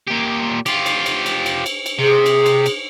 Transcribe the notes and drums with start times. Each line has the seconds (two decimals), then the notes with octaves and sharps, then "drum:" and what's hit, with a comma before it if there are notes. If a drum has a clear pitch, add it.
0.07 A#2 G4
0.66 F4 G4, drum: cymbal
0.86 drum: cymbal
1.06 drum: cymbal
1.26 drum: cymbal
1.46 drum: cymbal
1.66 drum: cymbal
1.86 drum: cymbal
1.99 C3 G#4
2.26 drum: cymbal
2.46 drum: cymbal
2.66 drum: cymbal